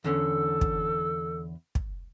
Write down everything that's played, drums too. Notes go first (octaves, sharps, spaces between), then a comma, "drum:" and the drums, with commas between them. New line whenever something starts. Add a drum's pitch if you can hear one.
E2 D3 C#4 A4
drum: kick
drum: kick